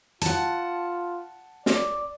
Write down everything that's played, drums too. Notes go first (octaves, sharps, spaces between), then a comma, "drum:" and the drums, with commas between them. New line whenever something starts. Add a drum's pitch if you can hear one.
F4 F#5 A5, drum: hi-hat
D5, drum: snare